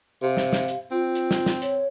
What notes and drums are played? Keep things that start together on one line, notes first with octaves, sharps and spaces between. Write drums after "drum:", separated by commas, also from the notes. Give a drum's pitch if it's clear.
C3 F5
drum: snare
drum: snare
drum: hi-hat
C4 F4
drum: hi-hat
drum: snare
drum: snare
C#5, drum: hi-hat